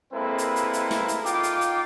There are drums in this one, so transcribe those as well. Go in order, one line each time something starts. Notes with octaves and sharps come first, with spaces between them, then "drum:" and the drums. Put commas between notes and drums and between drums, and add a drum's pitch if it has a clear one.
G#3 A#3 C4 E4 A4 B4
drum: hi-hat
drum: hi-hat
drum: hi-hat
drum: snare
drum: hi-hat
D#4 F4 G5 D6, drum: hi-hat
drum: hi-hat
drum: hi-hat